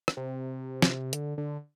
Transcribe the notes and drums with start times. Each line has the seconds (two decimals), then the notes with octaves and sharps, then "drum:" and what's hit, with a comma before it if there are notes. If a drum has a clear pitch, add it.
0.08 drum: rim click
0.17 C3
0.82 drum: snare
1.13 D3, drum: hi-hat
1.38 D3